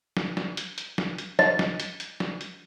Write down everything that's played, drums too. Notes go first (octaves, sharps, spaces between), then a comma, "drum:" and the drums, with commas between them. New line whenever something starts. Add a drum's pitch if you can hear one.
drum: snare
drum: snare
drum: hi-hat
drum: hi-hat
drum: snare
drum: hi-hat
D#5, drum: snare
drum: snare
drum: hi-hat
drum: hi-hat
drum: snare
drum: hi-hat